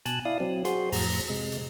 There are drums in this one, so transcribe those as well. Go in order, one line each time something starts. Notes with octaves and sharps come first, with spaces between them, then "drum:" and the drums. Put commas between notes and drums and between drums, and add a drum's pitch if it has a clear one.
B2 G#5 A5 F#6, drum: hi-hat
E4 D5 F5 D#6
F#3 C4
F#4 G#4 C5 C6, drum: hi-hat
F2 A2 A#5, drum: open hi-hat
C3 G#3
drum: hi-hat